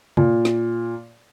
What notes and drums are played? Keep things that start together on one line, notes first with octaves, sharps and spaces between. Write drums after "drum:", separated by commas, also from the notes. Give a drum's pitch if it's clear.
A#2, drum: tom C3
drum: snare